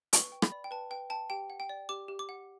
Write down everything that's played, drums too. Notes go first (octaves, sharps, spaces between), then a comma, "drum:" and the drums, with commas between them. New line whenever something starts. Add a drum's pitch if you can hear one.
B4 C#6, drum: hi-hat
G5
B5, drum: rim click
D5
G5
B4 A5
B4 G5
G5 A5
G4 G5
F#5
G5
D5
G4 D6
G4
D6
F#5